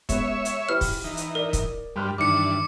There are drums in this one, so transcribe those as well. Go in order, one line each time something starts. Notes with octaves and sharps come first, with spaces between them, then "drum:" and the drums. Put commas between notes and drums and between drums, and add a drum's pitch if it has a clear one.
G#3 B3 C#5 E5, drum: kick, hi-hat
drum: hi-hat
E4 G4 B4 F6
drum: kick, open hi-hat
E3 D#4
drum: hi-hat
A#4 D5
drum: kick, hi-hat
G2 G3 B5 C6 F6
G2 D#3 E3 D4 D6 C#7